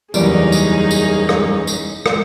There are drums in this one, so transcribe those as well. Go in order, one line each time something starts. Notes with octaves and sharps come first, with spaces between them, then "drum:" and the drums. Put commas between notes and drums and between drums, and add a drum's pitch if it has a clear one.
F#1 E2 G3 C#4 D#4 G#4 D5, drum: tambourine
drum: tambourine
drum: tambourine
drum: rim click
drum: tambourine
drum: rim click